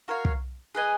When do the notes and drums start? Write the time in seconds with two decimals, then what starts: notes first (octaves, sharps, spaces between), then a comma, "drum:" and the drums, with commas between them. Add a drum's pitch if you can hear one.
0.08 F#4 A#4 C#5 F5
0.25 drum: kick
0.75 G#4 B4 D#5 G#5